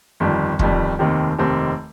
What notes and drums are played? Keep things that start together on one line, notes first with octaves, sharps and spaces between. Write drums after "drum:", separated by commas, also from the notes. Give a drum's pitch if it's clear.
G1 F2 D#3 G3
G1 F2 D#3 G3, drum: kick
F1 D#2 D#3 C4 G4
F1 D#2 D#3 C4 G4